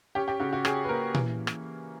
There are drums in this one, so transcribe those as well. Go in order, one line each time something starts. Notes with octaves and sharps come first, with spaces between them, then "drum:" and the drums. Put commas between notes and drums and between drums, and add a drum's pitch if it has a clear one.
C#4 G4
G4
C#3 F#4
F#4
C#4 G#4, drum: rim click
B4
A#3 A#4
E3, drum: tom A#2
drum: rim click